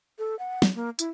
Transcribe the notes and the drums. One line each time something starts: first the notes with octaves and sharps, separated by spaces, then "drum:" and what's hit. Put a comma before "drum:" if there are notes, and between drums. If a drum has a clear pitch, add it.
A4
F#5
drum: snare
A#3
E4, drum: hi-hat